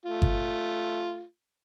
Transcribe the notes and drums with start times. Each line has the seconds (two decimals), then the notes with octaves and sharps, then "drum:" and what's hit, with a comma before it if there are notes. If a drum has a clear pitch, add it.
0.06 A3 F4
0.22 drum: kick G1